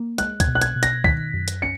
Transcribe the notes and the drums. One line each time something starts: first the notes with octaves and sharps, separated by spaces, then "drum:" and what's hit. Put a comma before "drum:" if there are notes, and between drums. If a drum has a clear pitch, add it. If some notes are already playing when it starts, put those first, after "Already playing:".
Already playing: A#3
G#3 F#6, drum: hi-hat
G#6, drum: kick, hi-hat
B2
F#6
G#6, drum: hi-hat
B2
A#6, drum: hi-hat
D#3 B6, drum: kick
F#2
drum: hi-hat
C#4 C#7